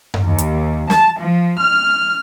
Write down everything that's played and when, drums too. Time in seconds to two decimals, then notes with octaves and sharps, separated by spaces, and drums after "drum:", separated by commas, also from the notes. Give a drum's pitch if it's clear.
0.14 drum: tom F#2
0.24 D#2
0.38 drum: hi-hat
0.90 A5, drum: snare
1.21 F3
1.60 F6